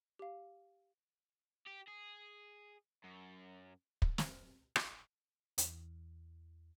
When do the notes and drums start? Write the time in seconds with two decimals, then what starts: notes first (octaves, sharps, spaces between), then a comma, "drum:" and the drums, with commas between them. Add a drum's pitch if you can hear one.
0.19 G4 F5
1.67 G4
1.88 G#4
3.04 F#2
4.02 drum: kick
4.18 drum: snare
4.76 drum: rim click
5.58 E2, drum: hi-hat